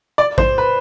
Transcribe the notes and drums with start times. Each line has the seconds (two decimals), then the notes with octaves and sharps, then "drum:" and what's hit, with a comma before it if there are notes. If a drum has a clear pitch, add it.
0.18 D5
0.38 C5, drum: kick A1
0.58 B4